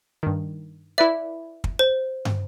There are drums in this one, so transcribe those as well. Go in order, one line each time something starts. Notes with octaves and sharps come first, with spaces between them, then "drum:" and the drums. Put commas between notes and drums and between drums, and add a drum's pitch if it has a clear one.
G2 D#3
E4 B4 D5 E5
drum: kick
C5
drum: tom